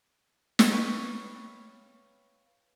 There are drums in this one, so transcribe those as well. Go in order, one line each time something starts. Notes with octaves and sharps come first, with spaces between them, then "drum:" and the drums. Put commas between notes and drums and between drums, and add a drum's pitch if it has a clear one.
drum: snare
B4 C#5 F5 G5